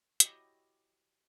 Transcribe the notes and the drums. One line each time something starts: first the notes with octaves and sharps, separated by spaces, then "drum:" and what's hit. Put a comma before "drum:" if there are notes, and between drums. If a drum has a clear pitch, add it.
E4 F#4 G4 C#5 D#5, drum: hi-hat